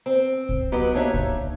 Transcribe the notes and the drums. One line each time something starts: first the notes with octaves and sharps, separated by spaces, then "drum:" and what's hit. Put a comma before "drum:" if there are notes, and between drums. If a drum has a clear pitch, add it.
C4
drum: kick C2
D#3 F#3 B3 G4 B4
A#3 D4 D#4 C#5 E5
drum: kick C2